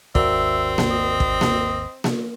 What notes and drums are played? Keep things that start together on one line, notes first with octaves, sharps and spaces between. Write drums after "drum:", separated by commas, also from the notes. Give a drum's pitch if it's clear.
G#1 D#2 C4 F#4 A#4 D5 E5, drum: kick
drum: snare A#3
D#5
drum: kick
drum: snare A#3
drum: snare A#3